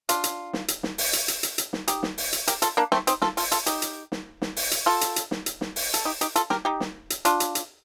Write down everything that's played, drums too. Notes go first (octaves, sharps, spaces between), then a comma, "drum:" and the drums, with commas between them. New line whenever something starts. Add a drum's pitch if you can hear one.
D4 F4, drum: hi-hat
drum: hi-hat
drum: snare
drum: hi-hat
drum: snare
drum: open hi-hat
drum: hi-hat
drum: hi-hat
drum: hi-hat
drum: hi-hat
drum: snare
D#4 G4, drum: hi-hat
drum: snare
drum: open hi-hat
drum: hi-hat
G4 A#4, drum: hi-hat
F4 A4, drum: hi-hat
A#3 D4
A3 C4, drum: snare
C4 D#4, drum: hi-hat
F4 A4, drum: snare
F4 A4, drum: open hi-hat
F4 A4, drum: hi-hat
D#4 G4, drum: hi-hat
drum: hi-hat
drum: snare
drum: snare
drum: open hi-hat
drum: hi-hat
F4 A4
drum: hi-hat
drum: hi-hat
drum: snare
drum: hi-hat
drum: snare
drum: open hi-hat
A4, drum: hi-hat
D#4 G4
D#4 G4, drum: hi-hat
F4 A4, drum: hi-hat
G4 A#4, drum: snare
D#4 G4
drum: snare
drum: hi-hat
D4 F4, drum: hi-hat
drum: hi-hat
drum: hi-hat